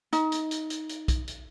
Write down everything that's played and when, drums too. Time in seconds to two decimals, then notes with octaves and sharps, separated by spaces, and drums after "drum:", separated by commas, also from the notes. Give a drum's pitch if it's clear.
0.13 D#4, drum: hi-hat
0.32 drum: hi-hat
0.51 drum: hi-hat
0.70 drum: hi-hat
0.89 drum: hi-hat
1.08 drum: kick, hi-hat
1.27 drum: hi-hat